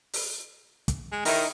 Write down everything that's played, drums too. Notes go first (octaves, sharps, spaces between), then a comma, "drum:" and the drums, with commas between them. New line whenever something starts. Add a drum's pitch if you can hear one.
drum: open hi-hat
drum: kick, hi-hat
G#3
D#3 D#4 E4 C#5, drum: open hi-hat